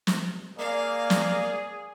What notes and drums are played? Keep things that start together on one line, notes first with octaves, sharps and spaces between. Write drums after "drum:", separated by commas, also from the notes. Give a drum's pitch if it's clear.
drum: snare
A#3 G#4 D5 F5
drum: snare